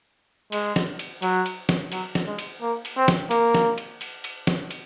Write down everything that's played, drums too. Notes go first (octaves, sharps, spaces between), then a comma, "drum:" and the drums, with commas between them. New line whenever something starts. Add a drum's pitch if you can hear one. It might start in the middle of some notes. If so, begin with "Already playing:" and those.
G#3, drum: cymbal
drum: snare
drum: cymbal
F#3, drum: cymbal
drum: cymbal
drum: snare
F#3, drum: cymbal
drum: snare
G#3
drum: cymbal
A#3
drum: cymbal
C4
drum: snare
A#3, drum: cymbal
drum: snare
drum: cymbal
drum: cymbal
drum: cymbal
drum: snare
drum: cymbal